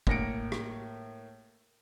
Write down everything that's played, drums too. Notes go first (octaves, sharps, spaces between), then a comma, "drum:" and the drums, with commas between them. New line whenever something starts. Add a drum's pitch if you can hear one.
A2 A#3 A#6 C#7 D7, drum: kick
drum: rim click